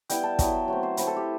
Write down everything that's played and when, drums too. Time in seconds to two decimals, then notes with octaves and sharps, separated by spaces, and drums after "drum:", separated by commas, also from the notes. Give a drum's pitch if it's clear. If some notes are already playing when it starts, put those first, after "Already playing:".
0.09 G3 B3 E4 G5, drum: hi-hat
0.23 A5
0.39 F#3 B3 E4 G5, drum: kick, hi-hat
0.68 F#3 A3 C4
0.83 C5
0.97 A3 C4 E4 B4, drum: hi-hat
1.07 A4
1.16 G4